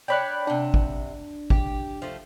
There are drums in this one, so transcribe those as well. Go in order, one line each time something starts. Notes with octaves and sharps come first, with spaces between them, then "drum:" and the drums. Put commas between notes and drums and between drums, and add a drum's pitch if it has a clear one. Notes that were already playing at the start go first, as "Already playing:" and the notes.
D4 C#5 D5 G5 B5 F#6
C3 D4 F#5
drum: kick
G4, drum: kick
F3 A3